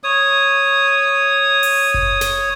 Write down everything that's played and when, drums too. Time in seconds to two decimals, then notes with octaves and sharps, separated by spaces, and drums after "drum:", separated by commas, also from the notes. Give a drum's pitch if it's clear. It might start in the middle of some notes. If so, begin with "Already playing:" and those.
0.04 C#5 D#6
1.63 drum: open hi-hat
1.94 drum: kick F#1
2.21 drum: snare